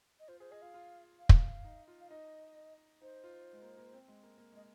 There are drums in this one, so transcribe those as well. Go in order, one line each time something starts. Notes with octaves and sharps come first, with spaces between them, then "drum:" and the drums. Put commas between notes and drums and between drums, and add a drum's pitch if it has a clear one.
D#5
F4 C5
G#4 C5
G#4 D#5
F4 F5
F4
F5
drum: kick
D#4
F4
F5
D#4 D#5
D#4 C5
F4
G#3
A#3
A#3
C4
G#3
A#3
A#3
G#3 D#5